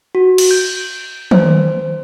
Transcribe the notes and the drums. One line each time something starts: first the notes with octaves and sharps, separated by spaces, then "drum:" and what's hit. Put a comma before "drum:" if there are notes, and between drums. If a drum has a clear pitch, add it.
F#4
drum: cymbal
G6
C5, drum: tom